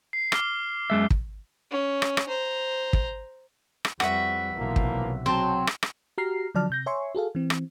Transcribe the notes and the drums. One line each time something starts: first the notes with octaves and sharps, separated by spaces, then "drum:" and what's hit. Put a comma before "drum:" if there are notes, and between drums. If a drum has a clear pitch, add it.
C7
D6 F6 G7, drum: rim click
F#2 G#3 E5
drum: kick
C#4
drum: rim click
drum: rim click
C5 A#5
drum: kick
drum: rim click
F2 G3 F#4 B4 E5, drum: rim click
B1 C3 E3 F3 A#3
drum: kick
F#3 C4 C5 A5
drum: rim click
drum: rim click
F#4 G4 A#5 F6 C7
D3 F3 F#3 D5 A5 F6
C3 G6 A#6
C#5 E5 G#5 C6 C#6
F#4 G#4 A4 F5
E3 C4
drum: rim click